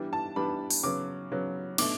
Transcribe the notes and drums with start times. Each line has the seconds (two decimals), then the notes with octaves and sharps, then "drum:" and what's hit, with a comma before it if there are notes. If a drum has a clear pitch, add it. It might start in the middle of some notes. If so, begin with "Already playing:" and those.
Already playing: E3 G3 B3 D4
0.13 A5
0.36 E3 G3 B3 D4 B5
0.70 drum: open hi-hat
0.83 C#3 F#3 B3 D6
1.32 C#3 F#3 B3
1.78 B2 A3 D4 D6, drum: cymbal